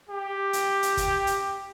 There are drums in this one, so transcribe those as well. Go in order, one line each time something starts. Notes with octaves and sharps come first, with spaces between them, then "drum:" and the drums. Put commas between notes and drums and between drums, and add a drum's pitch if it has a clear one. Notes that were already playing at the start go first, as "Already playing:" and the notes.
G4
drum: hi-hat
drum: hi-hat
drum: kick, hi-hat
drum: hi-hat